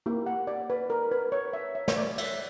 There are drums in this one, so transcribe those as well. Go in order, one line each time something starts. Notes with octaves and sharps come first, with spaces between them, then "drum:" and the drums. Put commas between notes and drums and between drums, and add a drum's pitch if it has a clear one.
A#3 E4 G4
F#5
D5
B4
A#4
B4
C#5
E5
E5
C#5, drum: snare
D5
E5, drum: cymbal